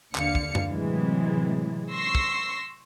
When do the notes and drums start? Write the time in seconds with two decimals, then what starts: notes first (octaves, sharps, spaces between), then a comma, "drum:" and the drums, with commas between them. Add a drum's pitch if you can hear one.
0.15 D#2 D3 F5 C#7, drum: clap
0.35 drum: kick
0.55 drum: tom F#2
0.69 A2 C3 E3 F#3 G#3
1.91 C6 C#6 E6 A#6 C7
2.15 drum: kick